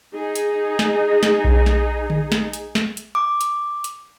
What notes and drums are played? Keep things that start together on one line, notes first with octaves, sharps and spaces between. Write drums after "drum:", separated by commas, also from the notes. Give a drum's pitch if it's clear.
D#4 G#4
drum: hi-hat
drum: snare
drum: snare
drum: kick B1
drum: snare
drum: tom D3
drum: snare
drum: hi-hat
drum: snare
drum: hi-hat
D6
drum: hi-hat
drum: hi-hat